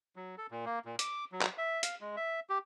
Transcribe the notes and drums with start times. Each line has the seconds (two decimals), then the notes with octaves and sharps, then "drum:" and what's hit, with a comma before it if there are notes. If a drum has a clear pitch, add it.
0.16 F#3
0.38 A4
0.51 A#2
0.66 A#3
0.85 A#2
0.99 D6, drum: hi-hat
1.32 F#3
1.41 drum: clap
1.58 E5
1.83 F5, drum: hi-hat
2.01 G#3
2.17 E5
2.50 G4